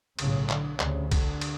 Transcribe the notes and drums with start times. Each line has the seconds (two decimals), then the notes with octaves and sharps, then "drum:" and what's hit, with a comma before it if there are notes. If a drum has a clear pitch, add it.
0.19 B1 A2 C#3, drum: cymbal
0.50 D3, drum: clap
0.80 D2 C#3, drum: clap
0.85 C3
1.11 D3, drum: kick B1, cymbal
1.41 drum: cymbal